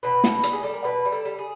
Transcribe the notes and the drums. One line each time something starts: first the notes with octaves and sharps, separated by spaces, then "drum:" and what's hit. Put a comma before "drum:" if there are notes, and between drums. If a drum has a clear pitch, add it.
B2 B4
B2, drum: snare
G3, drum: hi-hat
G#4
G3 A4
A#4
B2 B4
G3
A4
G3
G#4